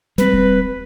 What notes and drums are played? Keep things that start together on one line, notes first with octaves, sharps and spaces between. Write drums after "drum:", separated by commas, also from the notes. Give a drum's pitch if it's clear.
G3 C4 B4, drum: snare
drum: kick D#1